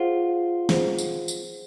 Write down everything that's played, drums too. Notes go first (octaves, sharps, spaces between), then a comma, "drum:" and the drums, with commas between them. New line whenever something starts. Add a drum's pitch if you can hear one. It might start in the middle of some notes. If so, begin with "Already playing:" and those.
Already playing: F4 G#4 C5 F#5
G#4 C5 F#5, drum: snare
drum: tambourine
drum: tambourine